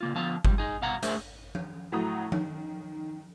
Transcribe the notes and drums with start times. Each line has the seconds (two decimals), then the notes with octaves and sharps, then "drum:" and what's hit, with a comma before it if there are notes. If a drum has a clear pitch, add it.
0.01 C#3 A#3 F4
0.15 D3 F3 B3 F5 A5
0.45 F2 G#2 G3, drum: kick G1
0.58 D#4 G#4
0.82 C2 B2 F5 F#5 A#5
1.03 A3 D4 G#4 A#4 C5 E5, drum: hi-hat
1.55 drum: tom F3
1.92 A2 F#3 A3 A#5 D#6
2.32 D#3, drum: tom F3